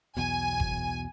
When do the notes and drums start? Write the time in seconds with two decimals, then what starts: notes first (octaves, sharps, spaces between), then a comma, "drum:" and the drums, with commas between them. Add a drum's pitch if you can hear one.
0.17 B1 E2 B2 G#5
0.60 drum: kick F#1